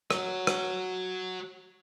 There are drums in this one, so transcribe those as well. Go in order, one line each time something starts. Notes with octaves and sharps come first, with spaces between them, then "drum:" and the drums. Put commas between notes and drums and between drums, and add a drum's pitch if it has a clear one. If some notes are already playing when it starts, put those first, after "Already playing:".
F#4 C#5, drum: rim click
drum: rim click